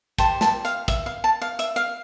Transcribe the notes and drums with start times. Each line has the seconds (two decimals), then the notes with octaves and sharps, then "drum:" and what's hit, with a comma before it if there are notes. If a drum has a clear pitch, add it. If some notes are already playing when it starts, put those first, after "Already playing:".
0.18 G4 C5 A5, drum: kick, hi-hat
0.41 A5, drum: snare
0.65 F5, drum: hi-hat
0.88 E5, drum: kick, hi-hat
1.06 F5
1.24 A5
1.42 F5
1.59 E5, drum: hi-hat
1.76 F5